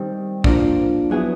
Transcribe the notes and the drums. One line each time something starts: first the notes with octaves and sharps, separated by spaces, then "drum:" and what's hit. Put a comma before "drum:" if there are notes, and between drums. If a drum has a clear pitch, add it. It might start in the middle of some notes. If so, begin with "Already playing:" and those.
Already playing: D#3 G3 C4
F3 A#3 D4, drum: kick
F#3 B3 E4 G#4